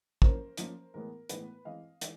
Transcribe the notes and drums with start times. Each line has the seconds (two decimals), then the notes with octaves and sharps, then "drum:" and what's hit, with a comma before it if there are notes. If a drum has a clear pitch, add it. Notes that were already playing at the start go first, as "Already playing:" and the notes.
0.22 F3 A#3 C#4 A#4 C5, drum: kick
0.57 F3 A#3 C#4, drum: hi-hat
0.94 A2 E3 G#3 B3 A#4
1.29 A2 E3 G#3 B3 B4, drum: hi-hat
1.65 E3 G#3 C4 D#5 F5
2.01 E3 G#3, drum: hi-hat